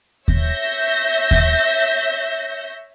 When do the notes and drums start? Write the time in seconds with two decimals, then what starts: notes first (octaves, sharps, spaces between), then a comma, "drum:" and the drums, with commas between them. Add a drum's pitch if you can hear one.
0.28 C#5 E5 G6 A#6, drum: kick D#2
1.31 drum: kick D#2